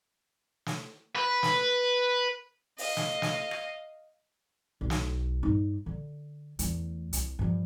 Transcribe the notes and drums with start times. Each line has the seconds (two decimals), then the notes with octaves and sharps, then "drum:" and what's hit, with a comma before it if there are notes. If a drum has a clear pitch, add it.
0.66 drum: snare
1.16 B4
1.43 drum: snare
2.78 D#5 F5, drum: open hi-hat
2.97 drum: snare
3.22 drum: snare
3.51 drum: rim click
4.81 B1
4.90 drum: snare
5.43 G2 D#4
5.86 D3
6.59 E2 A3, drum: hi-hat
7.13 C2, drum: hi-hat
7.39 G2 F3